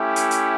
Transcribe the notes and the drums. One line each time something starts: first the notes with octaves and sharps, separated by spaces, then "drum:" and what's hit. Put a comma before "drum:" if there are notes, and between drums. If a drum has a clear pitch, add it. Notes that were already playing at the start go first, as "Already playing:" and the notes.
Already playing: A3 C#4 E4 G4
drum: hi-hat
drum: hi-hat